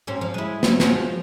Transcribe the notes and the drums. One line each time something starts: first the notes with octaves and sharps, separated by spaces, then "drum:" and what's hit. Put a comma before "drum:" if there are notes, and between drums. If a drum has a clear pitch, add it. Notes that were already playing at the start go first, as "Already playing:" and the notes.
G#2 C4 C#4
F3
G#3 E4
F#3, drum: snare
F3 G#3 F#4, drum: snare